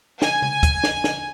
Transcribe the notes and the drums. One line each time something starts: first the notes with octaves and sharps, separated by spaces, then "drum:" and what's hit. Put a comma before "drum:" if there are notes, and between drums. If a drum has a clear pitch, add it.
G#5, drum: snare
drum: tom C3
drum: kick, hi-hat
drum: snare
drum: snare